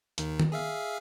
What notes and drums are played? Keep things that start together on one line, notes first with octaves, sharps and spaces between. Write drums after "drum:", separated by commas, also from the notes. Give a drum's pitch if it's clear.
D#2 D#3, drum: hi-hat
drum: tom D#3
G#4 E5 F5